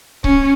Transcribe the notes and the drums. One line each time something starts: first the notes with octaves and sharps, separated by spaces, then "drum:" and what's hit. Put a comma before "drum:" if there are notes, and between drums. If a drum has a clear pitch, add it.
C#4, drum: kick C#1